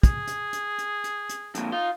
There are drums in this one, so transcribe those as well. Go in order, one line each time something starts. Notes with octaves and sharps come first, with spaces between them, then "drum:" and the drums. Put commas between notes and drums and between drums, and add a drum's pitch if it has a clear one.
G#4, drum: kick, hi-hat
drum: hi-hat
drum: hi-hat
drum: hi-hat
drum: hi-hat
drum: hi-hat
F2 A#2, drum: hi-hat
D#4 F4